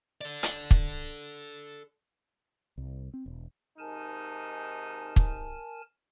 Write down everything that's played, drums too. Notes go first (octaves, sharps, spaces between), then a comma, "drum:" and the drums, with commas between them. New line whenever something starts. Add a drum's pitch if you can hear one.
A4 D5
drum: hi-hat
drum: kick
C2
C4
E1
G#2 C3 D#4 A#4 G#5 A5
drum: kick